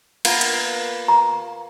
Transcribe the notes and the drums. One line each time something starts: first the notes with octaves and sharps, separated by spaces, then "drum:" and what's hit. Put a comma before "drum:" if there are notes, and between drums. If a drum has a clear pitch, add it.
A#3 B3 F4, drum: cymbal
drum: hi-hat
A#5